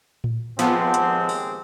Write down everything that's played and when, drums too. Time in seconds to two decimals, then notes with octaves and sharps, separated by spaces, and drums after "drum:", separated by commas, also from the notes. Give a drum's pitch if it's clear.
0.24 drum: tom A2
0.59 D#2 F3 G#3 B3 C4 F#5 A5 D6, drum: hi-hat
0.94 drum: hi-hat
1.29 drum: open hi-hat